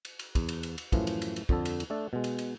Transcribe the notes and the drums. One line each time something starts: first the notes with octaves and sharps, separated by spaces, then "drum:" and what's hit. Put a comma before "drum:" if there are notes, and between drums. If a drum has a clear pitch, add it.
drum: cymbal
drum: cymbal
E2, drum: kick, cymbal
drum: cymbal
drum: cymbal
drum: cymbal
F#2 A2 E3 F3, drum: kick, cymbal
drum: cymbal
drum: cymbal
drum: cymbal
F2 D3 A4, drum: kick
drum: cymbal
drum: cymbal
A3 D4 A4
B2 G#3
drum: cymbal
drum: cymbal